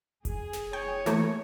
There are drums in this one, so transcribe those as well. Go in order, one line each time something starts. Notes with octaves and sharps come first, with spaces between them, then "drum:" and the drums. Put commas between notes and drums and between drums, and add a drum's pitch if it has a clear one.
G#4, drum: kick F1, hi-hat
drum: snare
C#5 G5
E3 A3 A#3, drum: snare